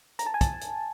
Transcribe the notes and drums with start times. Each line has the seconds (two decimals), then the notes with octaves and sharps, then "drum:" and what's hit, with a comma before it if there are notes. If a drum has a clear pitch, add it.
0.19 A#5, drum: hi-hat
0.26 A5
0.34 G#5
0.41 A5, drum: kick, hi-hat
0.61 drum: hi-hat